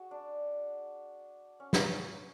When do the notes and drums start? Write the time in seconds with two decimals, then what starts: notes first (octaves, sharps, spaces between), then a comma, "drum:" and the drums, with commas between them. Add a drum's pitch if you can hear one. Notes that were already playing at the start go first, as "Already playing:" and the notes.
Already playing: F#4 G#4
0.11 D4
1.60 C#4
1.73 drum: snare
1.89 C#4